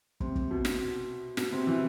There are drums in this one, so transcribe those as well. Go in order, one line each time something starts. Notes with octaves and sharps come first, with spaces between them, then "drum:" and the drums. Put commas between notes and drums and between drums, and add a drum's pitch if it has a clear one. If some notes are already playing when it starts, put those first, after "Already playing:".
C3, drum: kick
drum: kick
B2
drum: snare
B2, drum: snare
C3
E3